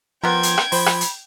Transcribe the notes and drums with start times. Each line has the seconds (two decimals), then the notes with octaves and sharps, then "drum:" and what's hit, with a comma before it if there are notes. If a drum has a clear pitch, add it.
0.24 F3 B3 A#4 G5 C6 G#6
0.43 drum: hi-hat
0.57 drum: rim click
0.72 F3 C5 B5, drum: open hi-hat
0.86 drum: rim click
1.01 drum: hi-hat